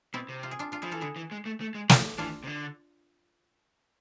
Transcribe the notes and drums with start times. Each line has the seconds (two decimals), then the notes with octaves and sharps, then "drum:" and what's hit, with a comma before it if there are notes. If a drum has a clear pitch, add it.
0.14 B2 C4 E4
0.29 C3
0.43 F4
0.51 G#4
0.59 D4 F4
0.72 D4 F4
0.82 F3 E4 G#4
0.91 E3 F4 A4
1.01 D3 E4 G#4
1.16 E3
1.31 G#3
1.45 A3
1.61 A3
1.75 G#3
1.89 F3, drum: snare
2.18 E3 D4 F4
2.44 C3
2.47 D3